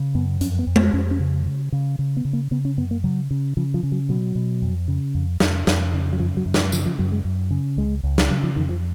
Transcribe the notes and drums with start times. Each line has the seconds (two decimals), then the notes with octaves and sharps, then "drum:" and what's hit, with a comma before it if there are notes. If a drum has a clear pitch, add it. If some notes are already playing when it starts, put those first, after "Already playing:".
Already playing: C#3
0.15 F#2 B3
0.41 F2 C#4, drum: hi-hat
0.59 B3
0.67 F2
0.76 B3, drum: tom G#3
0.93 F2 C#4
1.11 C#4
1.20 C#3
1.46 C#3
1.72 C#3
1.99 C#3
2.17 B3
2.25 C#3
2.33 A#3
2.51 C#3 B3
2.65 C#4
2.77 F#2 B3
2.91 A#3
3.04 C#3 F#3
3.31 C#3
3.57 C#3 F3
3.74 F3
3.83 C#3
3.92 F#3
4.09 B2 F#3
4.35 B2
4.62 F2
4.88 C#3
5.15 F2
5.40 F2, drum: snare
5.67 F2, drum: snare
5.94 C#3
6.13 F#3
6.19 F#2 F3
6.37 F#3
6.46 F#2
6.54 F3, drum: snare
6.72 C#3 F3, drum: tambourine
6.86 F3
6.99 F#2 F#3
7.12 G#3
7.25 F#2
7.51 C#3
7.77 C#2 G#3
8.03 C#2
8.18 drum: snare
8.30 C#3 F#3
8.43 F3
8.56 F2 D#3
8.69 F3